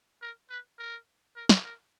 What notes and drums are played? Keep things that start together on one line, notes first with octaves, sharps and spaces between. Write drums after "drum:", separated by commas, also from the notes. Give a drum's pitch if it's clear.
A#4
B4
A#4
A#4
drum: snare
A#4